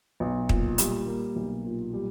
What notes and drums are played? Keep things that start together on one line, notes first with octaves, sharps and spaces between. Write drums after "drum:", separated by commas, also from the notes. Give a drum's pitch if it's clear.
B1
A#2, drum: kick
G3, drum: hi-hat
A#3
B1
A#2
G3